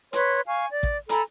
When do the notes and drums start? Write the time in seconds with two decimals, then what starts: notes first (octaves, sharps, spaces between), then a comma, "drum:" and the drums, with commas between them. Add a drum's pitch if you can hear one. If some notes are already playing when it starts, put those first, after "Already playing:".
0.13 B4 C#5 C6, drum: hi-hat
0.47 F5 G#5 C#6
0.72 D5
0.83 drum: kick
1.09 A4 G#5 A#5 B5, drum: hi-hat